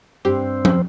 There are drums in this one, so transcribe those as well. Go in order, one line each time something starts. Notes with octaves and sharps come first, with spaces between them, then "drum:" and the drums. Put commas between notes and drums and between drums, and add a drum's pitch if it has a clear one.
G2 C4 G4
drum: tom F3